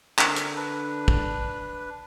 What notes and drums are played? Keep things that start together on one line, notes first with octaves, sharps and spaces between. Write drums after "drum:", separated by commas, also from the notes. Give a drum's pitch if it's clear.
D3 A#4 E6, drum: clap
drum: hi-hat
D4 B4
drum: kick